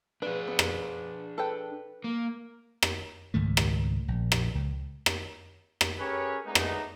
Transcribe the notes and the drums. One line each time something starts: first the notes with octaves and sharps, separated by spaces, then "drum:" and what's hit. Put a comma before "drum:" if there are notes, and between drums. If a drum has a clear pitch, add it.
D4 G#4 B4
B3
drum: rim click
A4 B4 G5
A#3
drum: rim click
C#2 G#2 D#3 A3
drum: rim click
A#1
drum: rim click
C#2
drum: rim click
drum: rim click
C#4 G4 G#4 A#4 B4 C#5
G#3 A3 B3 D4 D#4
drum: rim click